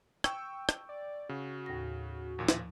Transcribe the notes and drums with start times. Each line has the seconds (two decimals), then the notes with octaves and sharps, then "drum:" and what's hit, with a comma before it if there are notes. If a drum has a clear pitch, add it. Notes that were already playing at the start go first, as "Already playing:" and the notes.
0.24 G5 C#6 E6, drum: rim click
0.69 drum: rim click
0.89 D5
1.29 C#3 F#4
1.66 D#2 A2 A#6
2.39 D#2 A#2 F3
2.49 drum: snare